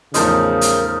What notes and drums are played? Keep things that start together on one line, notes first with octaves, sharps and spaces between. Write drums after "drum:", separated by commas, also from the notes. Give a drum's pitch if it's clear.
E2 A2 C#3 F3 D#4 A#4 C5 A#5, drum: hi-hat
drum: hi-hat